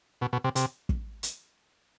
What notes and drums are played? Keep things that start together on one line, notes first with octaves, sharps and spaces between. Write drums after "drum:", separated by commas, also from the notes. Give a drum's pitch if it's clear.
B2
B2
C3
C3, drum: hi-hat
drum: kick
drum: hi-hat